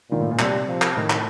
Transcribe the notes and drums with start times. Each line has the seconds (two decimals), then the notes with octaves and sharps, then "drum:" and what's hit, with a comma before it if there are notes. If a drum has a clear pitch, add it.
0.11 A#2 D#3
0.20 A2
0.31 A#2
0.39 C3 G3, drum: clap
0.67 F3
0.82 drum: clap
0.96 A2 D#3
1.10 drum: clap